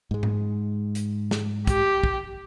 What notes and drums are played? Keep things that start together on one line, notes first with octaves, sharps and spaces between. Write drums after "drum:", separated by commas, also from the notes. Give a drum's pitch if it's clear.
G#2 G#3
drum: tom G#2
drum: hi-hat
drum: snare
G4, drum: kick, hi-hat
drum: kick